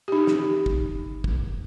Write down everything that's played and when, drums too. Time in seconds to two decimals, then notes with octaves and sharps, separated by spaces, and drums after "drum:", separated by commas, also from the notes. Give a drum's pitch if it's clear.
0.08 D#4 G4
0.27 drum: snare
0.66 drum: kick
1.24 drum: kick